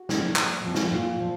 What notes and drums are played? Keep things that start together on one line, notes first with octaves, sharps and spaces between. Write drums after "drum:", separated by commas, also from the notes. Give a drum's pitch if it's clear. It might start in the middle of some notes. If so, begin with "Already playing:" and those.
Already playing: F#4
F#3 A#3 C#4, drum: snare
A#2, drum: clap
F3 C4
drum: snare
A#2 F4
F3